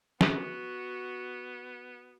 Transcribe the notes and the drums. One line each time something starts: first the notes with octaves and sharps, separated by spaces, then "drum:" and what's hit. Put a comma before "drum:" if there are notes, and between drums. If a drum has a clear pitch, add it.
B3 F#4, drum: snare